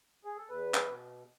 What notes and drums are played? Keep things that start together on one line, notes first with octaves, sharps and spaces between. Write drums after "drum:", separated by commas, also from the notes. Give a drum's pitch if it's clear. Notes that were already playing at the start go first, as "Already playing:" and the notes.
G#4
A4
E2 B4
drum: clap
B2